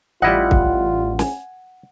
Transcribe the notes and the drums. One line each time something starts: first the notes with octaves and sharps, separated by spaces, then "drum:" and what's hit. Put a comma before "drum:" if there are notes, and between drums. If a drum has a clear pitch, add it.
A1 G3 E4 F4 D#5 F#5
drum: kick C2
G#5, drum: snare